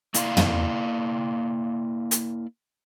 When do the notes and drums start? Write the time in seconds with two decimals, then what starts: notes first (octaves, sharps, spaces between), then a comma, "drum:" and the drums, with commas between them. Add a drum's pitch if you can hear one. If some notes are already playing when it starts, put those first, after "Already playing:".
0.14 A#3 E4 D5 F5, drum: hi-hat
0.37 drum: tom
2.11 drum: hi-hat